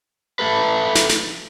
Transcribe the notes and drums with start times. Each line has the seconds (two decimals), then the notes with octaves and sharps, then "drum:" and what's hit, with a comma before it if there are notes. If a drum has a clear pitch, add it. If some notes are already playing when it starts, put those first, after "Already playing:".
0.39 A3 A4 B4
0.95 drum: snare
1.09 drum: snare